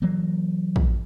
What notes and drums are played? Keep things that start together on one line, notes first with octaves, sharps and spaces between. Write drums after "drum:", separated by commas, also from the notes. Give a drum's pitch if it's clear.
E3 F#3 A#3
drum: kick